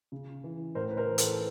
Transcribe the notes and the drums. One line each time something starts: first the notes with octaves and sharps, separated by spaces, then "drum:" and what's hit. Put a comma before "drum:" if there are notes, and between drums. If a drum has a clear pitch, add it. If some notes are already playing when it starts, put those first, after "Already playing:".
C#3
E3
A2 A#4 C5
B4
A#4 C5
E3
A4 B4, drum: hi-hat